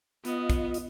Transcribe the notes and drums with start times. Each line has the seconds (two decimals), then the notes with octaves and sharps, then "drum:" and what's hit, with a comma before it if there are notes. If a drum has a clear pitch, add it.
0.25 B3 F4 D#5, drum: hi-hat
0.50 drum: kick, hi-hat
0.74 drum: hi-hat